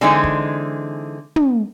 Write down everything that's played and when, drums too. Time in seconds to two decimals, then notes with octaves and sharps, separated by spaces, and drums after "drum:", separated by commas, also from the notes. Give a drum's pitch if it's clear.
0.01 D3 E3 G#3 C4 D4 D#4
0.24 drum: kick
1.36 drum: tom